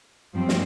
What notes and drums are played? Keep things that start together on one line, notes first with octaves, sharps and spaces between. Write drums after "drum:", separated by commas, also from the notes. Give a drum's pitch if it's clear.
G2 F3 C4
drum: snare